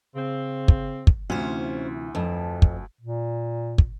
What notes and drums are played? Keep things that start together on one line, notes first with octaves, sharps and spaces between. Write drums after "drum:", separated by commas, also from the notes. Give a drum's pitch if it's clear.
C#3 C4
drum: kick
drum: kick
D2 C3 E3 C#4 F4 C5
F2 B4 A5
drum: kick
A#2
drum: kick